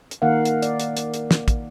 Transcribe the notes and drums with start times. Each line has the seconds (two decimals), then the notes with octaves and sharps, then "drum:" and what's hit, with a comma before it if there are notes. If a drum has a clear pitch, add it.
0.11 drum: hi-hat
0.22 D#3 A#3 A#4 F5 F#5
0.45 drum: hi-hat
0.62 D5, drum: hi-hat
0.80 drum: hi-hat
0.97 drum: hi-hat
1.14 drum: hi-hat
1.31 drum: snare
1.48 drum: kick, hi-hat